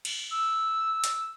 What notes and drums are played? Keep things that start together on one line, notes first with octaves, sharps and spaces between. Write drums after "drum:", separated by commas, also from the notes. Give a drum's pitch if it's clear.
drum: cymbal
E6
drum: hi-hat